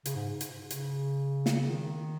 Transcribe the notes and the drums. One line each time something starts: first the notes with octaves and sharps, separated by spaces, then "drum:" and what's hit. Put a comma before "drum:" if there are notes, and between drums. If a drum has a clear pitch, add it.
C#3, drum: hi-hat
G#2
drum: hi-hat
C#3, drum: hi-hat
drum: snare
D#3